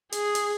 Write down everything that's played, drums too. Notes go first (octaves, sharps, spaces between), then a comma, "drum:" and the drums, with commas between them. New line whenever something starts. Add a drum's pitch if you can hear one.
G#4, drum: hi-hat
drum: hi-hat